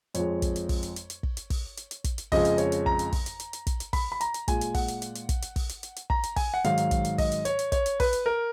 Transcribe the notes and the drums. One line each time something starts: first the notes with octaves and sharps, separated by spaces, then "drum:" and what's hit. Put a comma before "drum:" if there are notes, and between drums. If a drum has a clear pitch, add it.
F2 F3 G#3 C#5, drum: hi-hat
drum: kick, hi-hat
drum: hi-hat
drum: kick, open hi-hat
drum: hi-hat
drum: hi-hat
drum: hi-hat
drum: kick
drum: hi-hat
drum: kick, open hi-hat
drum: hi-hat
drum: hi-hat
drum: kick, hi-hat
drum: hi-hat
F2 C#3 F3 G#3 D#5, drum: kick, open hi-hat
drum: hi-hat
C#5, drum: hi-hat
drum: hi-hat
A#5, drum: kick
drum: hi-hat
drum: kick, open hi-hat
drum: hi-hat
drum: hi-hat
drum: hi-hat
drum: kick, hi-hat
drum: hi-hat
B5, drum: kick, open hi-hat
B5
A#5, drum: hi-hat
drum: hi-hat
A#2 G#3 G#5, drum: kick, hi-hat
drum: hi-hat
F#5, drum: kick, open hi-hat
drum: hi-hat
drum: hi-hat
drum: hi-hat
drum: kick, hi-hat
drum: hi-hat
drum: kick, open hi-hat
drum: hi-hat
drum: hi-hat
drum: hi-hat
A#5, drum: kick
drum: hi-hat
G#5, drum: kick, open hi-hat
F#5
G#2 D#3 F#3 F5, drum: hi-hat
drum: hi-hat
drum: kick, hi-hat
drum: hi-hat
D#5, drum: kick, open hi-hat
drum: hi-hat
C#5, drum: hi-hat
drum: hi-hat
C#5, drum: kick, hi-hat
drum: hi-hat
B4, drum: kick, open hi-hat
drum: hi-hat
A#4